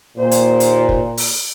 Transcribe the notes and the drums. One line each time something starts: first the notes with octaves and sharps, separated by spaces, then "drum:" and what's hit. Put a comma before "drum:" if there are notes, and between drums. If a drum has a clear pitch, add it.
D#2 A#2 C5
drum: hi-hat
drum: hi-hat
drum: kick
drum: open hi-hat